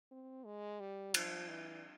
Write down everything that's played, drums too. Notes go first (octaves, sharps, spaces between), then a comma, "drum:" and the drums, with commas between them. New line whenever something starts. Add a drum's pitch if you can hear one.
C4
G#3
G3
F3, drum: cymbal
E3